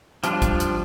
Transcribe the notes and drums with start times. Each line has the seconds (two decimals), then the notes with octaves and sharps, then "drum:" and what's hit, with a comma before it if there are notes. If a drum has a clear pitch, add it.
0.24 F3 G3 D4 F4, drum: hi-hat
0.42 drum: kick, hi-hat
0.60 drum: hi-hat